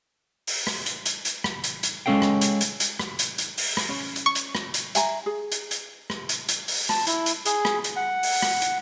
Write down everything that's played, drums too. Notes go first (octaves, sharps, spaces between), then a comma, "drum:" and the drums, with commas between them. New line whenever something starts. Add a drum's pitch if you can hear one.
drum: open hi-hat
drum: rim click
drum: hi-hat
drum: hi-hat
drum: hi-hat
drum: rim click
drum: hi-hat
drum: hi-hat
G#3 C4 C#4 A4 F5 G5
drum: rim click
drum: hi-hat
drum: hi-hat
drum: hi-hat
drum: rim click
drum: hi-hat
drum: hi-hat
drum: open hi-hat
drum: rim click
C#4
drum: hi-hat
C#6
drum: hi-hat
drum: rim click
drum: hi-hat
E5 G#5 A#5, drum: hi-hat
G#4
drum: hi-hat
drum: hi-hat
drum: rim click
drum: hi-hat
drum: hi-hat
drum: open hi-hat
A5, drum: rim click
E4, drum: hi-hat
drum: hi-hat
G#4, drum: hi-hat
drum: rim click
drum: hi-hat
F#5
drum: open hi-hat
drum: rim click
drum: hi-hat